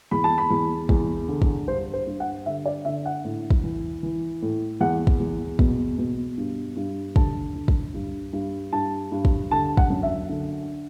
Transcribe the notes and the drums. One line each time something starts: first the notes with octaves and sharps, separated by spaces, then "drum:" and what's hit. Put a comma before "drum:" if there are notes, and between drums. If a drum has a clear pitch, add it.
E2 B5
A5
B5
E2
E2, drum: kick
D3
drum: kick
G2 C5
C5
G2
F#5
D3 E5
D5
D3 E5
F#5
A2
drum: kick
E3
E3
A2
E2 F#5
drum: kick
E2
B2, drum: kick
B2
G2
G2
D3 A5, drum: kick
D3
drum: kick
G2
G2
G2 A5
G2
drum: kick
D3 A5
F#5, drum: kick
F#2
E5
D3